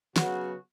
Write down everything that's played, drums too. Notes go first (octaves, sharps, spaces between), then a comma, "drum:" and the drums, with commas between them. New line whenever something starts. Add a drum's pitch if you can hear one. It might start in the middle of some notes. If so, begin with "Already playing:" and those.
C#3 F#3 B3 F#4, drum: snare